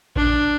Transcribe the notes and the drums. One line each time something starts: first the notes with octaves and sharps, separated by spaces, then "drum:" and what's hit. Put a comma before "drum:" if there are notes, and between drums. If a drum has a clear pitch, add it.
D4, drum: kick A1